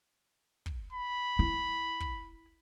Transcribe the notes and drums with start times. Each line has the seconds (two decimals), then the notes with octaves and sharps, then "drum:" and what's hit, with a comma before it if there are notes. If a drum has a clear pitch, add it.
0.66 drum: kick
0.93 B5
1.39 E4
2.00 drum: kick